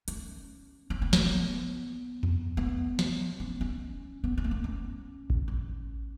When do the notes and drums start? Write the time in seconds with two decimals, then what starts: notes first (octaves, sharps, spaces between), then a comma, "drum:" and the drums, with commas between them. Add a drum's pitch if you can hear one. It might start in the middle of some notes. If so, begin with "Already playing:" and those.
0.08 C#4, drum: hi-hat
0.90 C#4
1.02 B3
1.13 A#3, drum: snare
1.25 B3
2.23 drum: tom E2
2.57 B3
2.99 drum: snare
3.40 C#4
3.61 C#4
4.24 B3
4.37 C#4
4.44 A#3
4.51 B3
4.64 C#4
5.30 drum: kick A1
5.48 C#4